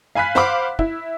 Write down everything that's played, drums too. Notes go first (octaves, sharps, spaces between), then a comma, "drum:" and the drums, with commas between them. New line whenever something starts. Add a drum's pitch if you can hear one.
F5 G#5 B5 F#6 B6
C5 F5 F#5 B5 D6, drum: snare
E4, drum: kick